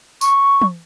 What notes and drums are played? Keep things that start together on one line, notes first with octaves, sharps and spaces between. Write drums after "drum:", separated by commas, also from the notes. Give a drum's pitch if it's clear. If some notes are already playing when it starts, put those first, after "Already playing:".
C#6, drum: tambourine
drum: tom